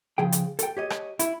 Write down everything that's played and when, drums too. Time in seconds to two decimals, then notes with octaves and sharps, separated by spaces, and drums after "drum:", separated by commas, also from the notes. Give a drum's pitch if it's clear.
0.18 C#3 F3 G#4 G5
0.32 drum: hi-hat
0.59 A4 G5, drum: hi-hat
0.77 G4 C#5 D#5
0.90 drum: rim click
1.19 E4, drum: hi-hat